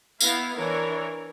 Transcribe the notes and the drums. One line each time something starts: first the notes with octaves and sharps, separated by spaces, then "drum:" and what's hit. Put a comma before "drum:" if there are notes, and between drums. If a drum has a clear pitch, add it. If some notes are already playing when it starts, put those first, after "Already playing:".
B3 E4 F5, drum: tambourine
E3 D4 A#4 C#5